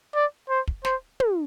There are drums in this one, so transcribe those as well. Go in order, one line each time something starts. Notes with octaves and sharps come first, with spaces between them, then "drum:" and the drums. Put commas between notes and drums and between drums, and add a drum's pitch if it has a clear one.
D5
C5
drum: kick
C5, drum: snare
drum: tom